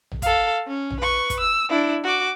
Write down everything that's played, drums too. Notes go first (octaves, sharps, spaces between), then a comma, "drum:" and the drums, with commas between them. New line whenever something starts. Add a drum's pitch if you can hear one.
drum: tom A#1
A4 F5, drum: kick, hi-hat
C#4
drum: tom A#1
B4 C#6
drum: kick, hi-hat
E6
D4 E4
F#4 D6